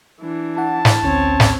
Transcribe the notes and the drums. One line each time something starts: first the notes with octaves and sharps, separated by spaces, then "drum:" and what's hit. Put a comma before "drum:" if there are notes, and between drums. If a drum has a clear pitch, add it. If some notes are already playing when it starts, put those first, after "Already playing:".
E3 D4
E4 F#5 A5
drum: snare
A1 D2 C4 C#4 C#5
drum: snare